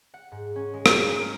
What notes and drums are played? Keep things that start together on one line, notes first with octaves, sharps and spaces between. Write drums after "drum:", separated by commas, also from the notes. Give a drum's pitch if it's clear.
F#5
G#2
C#4
G#3
G#5, drum: rim click
A#4
F6